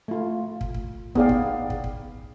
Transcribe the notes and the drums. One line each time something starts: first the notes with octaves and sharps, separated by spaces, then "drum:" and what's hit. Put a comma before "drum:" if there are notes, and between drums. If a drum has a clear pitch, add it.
A3 F4
drum: kick
drum: kick
B3 D#4 G#4 D5 F5 G5, drum: kick
drum: kick
drum: kick
drum: kick